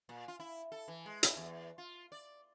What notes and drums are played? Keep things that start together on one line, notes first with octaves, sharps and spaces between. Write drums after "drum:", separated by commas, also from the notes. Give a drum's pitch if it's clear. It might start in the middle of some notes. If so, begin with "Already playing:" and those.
A#2
F4
E4
A4
E3
G#3
E4, drum: hi-hat
E2
F4
D5